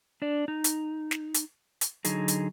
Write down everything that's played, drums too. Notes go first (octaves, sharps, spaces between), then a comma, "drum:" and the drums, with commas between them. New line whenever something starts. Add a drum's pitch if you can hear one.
D4 D5
D#4
drum: hi-hat
drum: snare
drum: hi-hat
drum: hi-hat
D3 F#3 D#4 G#4, drum: hi-hat
drum: hi-hat